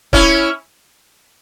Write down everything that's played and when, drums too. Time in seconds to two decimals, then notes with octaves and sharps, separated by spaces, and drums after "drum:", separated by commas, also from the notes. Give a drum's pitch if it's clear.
0.13 C#4 E4, drum: kick